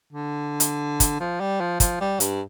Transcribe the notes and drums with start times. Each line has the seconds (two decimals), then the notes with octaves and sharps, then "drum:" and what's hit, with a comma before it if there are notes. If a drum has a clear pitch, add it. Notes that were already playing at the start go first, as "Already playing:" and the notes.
0.13 D3
0.60 drum: hi-hat
1.00 drum: kick, hi-hat
1.20 F3
1.40 G3
1.60 F3
1.80 F3, drum: kick, hi-hat
2.01 G3
2.20 G2, drum: hi-hat